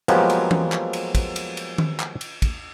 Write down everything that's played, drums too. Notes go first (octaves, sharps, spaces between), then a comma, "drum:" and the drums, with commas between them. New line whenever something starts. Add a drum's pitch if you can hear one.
F3 F#3 G#3 A#3 B3 G4, drum: cymbal
drum: cymbal
drum: tom E3
drum: clap
drum: cymbal
drum: kick, cymbal
drum: cymbal
drum: cymbal
drum: tom D#3
drum: clap
drum: cymbal
drum: kick, cymbal